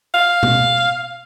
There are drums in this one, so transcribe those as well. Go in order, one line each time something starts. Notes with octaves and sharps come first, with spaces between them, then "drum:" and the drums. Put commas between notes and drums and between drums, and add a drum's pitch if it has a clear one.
F5
drum: tom